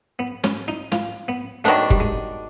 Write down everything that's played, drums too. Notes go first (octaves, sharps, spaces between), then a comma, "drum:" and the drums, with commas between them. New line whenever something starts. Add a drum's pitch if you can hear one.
B3
C#4, drum: snare
D#4
F4, drum: snare
B3
D#3 F#3 A3 B3 D4
G3, drum: kick F#1
G#3